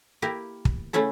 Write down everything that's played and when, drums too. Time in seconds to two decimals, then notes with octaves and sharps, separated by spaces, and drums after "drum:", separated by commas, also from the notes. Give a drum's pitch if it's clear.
0.22 A#3 E4 G4 A#4
0.65 drum: kick
0.93 C#3 A3 C#4 E4 A4